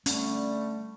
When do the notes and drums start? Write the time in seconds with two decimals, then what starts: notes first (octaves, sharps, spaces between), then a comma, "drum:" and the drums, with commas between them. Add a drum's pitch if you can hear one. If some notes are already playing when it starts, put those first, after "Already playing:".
0.06 D3 G3 A3 C#4, drum: hi-hat